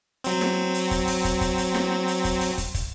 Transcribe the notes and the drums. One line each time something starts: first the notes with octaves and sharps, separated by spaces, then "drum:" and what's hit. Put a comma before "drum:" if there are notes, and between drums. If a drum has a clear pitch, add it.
F#3 C4, drum: hi-hat
drum: snare
drum: hi-hat
drum: kick, hi-hat
drum: open hi-hat
drum: kick, hi-hat
drum: kick, hi-hat
drum: hi-hat
drum: snare
drum: hi-hat
drum: kick, hi-hat
drum: open hi-hat
drum: kick, hi-hat
drum: kick, hi-hat